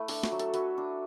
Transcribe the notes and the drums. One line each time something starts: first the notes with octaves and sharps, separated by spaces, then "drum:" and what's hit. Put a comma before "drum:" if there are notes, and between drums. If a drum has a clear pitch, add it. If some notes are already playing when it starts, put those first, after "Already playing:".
Already playing: A3 E4 B4
D4 A4, drum: open hi-hat
F#4, drum: snare
F#3
A4, drum: hi-hat
F#3 B4, drum: hi-hat
D4